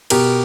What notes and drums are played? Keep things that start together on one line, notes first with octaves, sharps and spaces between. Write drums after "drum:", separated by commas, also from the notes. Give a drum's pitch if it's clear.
B2 G4 A#4, drum: cymbal